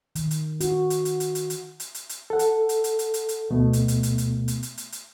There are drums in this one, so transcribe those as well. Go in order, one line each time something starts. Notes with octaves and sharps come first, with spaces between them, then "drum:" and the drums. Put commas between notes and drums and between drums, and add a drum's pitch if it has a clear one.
D#3, drum: hi-hat
drum: hi-hat
F#4, drum: hi-hat
drum: hi-hat
drum: hi-hat
drum: hi-hat
drum: hi-hat
drum: hi-hat
drum: hi-hat
drum: hi-hat
drum: hi-hat
A4 F#5
drum: hi-hat
drum: hi-hat
drum: hi-hat
drum: hi-hat
drum: hi-hat
drum: hi-hat
D2 B2 A3 B3
drum: hi-hat
drum: hi-hat
drum: hi-hat
drum: hi-hat
drum: hi-hat
drum: hi-hat
drum: hi-hat
drum: hi-hat